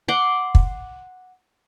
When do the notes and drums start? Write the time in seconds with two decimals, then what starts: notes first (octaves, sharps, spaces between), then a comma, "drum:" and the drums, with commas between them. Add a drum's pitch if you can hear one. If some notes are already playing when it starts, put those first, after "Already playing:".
0.08 F#5 C6 D6
0.55 drum: kick